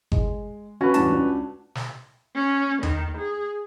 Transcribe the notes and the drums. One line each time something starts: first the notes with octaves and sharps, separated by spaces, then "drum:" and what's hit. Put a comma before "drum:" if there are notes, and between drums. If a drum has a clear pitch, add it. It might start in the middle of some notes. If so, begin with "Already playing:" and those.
G#3, drum: kick G1
C#4 F#4 B4
E2 G2 D4 A5, drum: hi-hat
C#2 D4
drum: snare
C#4
D#3, drum: tom D#2
G#4